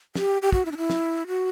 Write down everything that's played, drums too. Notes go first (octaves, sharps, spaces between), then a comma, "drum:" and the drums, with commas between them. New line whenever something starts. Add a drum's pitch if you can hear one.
G4, drum: snare
G4
F#4, drum: kick
E4
D4
E4
drum: snare
F#4